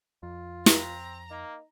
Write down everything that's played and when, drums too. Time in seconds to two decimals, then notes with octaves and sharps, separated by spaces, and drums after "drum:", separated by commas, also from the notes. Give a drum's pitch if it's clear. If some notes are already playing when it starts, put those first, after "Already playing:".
0.23 F2 F4
0.66 C4 A#5, drum: snare
1.31 A#3 D#4